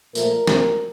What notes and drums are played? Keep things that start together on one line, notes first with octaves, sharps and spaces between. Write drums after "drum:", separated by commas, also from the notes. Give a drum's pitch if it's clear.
A#2 F3 A3 A#4, drum: tambourine
A#2 A3 C4, drum: snare